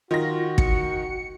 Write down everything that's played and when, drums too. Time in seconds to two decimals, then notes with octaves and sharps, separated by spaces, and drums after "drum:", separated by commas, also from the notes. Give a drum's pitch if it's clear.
0.11 D#3 F4 F#4 A#6
0.58 C#7, drum: kick